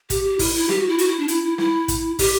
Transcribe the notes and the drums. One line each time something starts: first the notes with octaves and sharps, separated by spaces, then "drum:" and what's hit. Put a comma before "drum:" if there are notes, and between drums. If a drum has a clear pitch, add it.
G4, drum: kick, hi-hat
G4
E4, drum: kick, open hi-hat
E4
G4, drum: snare
F#4
E4
F#4, drum: hi-hat
E4
D4
E4, drum: hi-hat
E4
E4, drum: snare
drum: kick, hi-hat
G4, drum: kick, open hi-hat